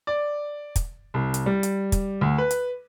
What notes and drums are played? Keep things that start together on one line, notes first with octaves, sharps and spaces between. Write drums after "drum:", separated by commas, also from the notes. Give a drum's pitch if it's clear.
D5
drum: kick, hi-hat
C2
drum: hi-hat
G3
drum: hi-hat
drum: kick, hi-hat
D2
B4
drum: hi-hat